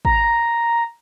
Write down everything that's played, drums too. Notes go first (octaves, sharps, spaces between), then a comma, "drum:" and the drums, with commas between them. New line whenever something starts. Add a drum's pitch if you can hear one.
A#5, drum: kick G#1